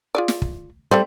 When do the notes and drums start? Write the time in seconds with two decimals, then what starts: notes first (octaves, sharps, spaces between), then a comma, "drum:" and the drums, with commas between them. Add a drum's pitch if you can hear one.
0.15 F4 G#4 D5
0.28 drum: snare
0.42 drum: kick
0.91 G3 A3 C4 C5